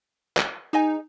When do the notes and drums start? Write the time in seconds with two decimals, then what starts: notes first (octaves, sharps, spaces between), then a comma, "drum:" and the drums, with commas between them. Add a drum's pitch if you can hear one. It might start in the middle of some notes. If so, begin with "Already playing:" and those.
0.37 drum: clap
0.73 D#4 G#4 D#5 G#5